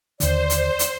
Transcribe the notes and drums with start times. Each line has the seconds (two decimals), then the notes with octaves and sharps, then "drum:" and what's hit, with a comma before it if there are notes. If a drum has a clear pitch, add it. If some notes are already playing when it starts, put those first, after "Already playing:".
0.20 D#2 D3 C5 D5, drum: hi-hat
0.50 drum: hi-hat
0.79 drum: hi-hat